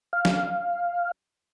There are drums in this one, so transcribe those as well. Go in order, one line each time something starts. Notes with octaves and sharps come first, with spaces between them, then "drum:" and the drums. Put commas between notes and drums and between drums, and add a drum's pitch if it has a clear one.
F5
drum: snare